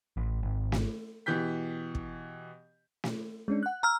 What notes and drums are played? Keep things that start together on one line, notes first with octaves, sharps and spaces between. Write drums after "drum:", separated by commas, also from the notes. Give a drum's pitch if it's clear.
A1
G#1
drum: snare
B2 E3 G4 G6 B6
drum: kick
drum: snare
G#3 C#4 D4
F#5 F#6
A#5 E6 F6